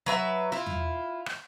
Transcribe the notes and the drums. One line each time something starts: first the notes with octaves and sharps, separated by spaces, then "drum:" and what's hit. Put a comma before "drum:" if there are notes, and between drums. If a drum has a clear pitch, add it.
F#3 B4 E5
E4 F4
drum: tom
drum: rim click